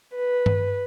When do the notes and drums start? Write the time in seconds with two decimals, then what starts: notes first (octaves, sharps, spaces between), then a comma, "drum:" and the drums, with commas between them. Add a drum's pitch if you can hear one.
0.16 B4
0.46 drum: tom G2